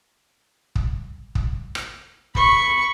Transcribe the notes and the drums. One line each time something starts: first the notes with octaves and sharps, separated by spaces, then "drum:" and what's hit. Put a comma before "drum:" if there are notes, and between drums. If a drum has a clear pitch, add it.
drum: kick
drum: kick
drum: rim click
B5 C#6, drum: kick